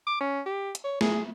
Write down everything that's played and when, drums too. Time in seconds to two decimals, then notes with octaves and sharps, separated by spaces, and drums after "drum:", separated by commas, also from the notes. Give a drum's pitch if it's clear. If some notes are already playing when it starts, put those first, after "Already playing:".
0.07 D6
0.21 C#4
0.46 G4
0.75 drum: hi-hat
0.84 C#5
1.01 G#4, drum: snare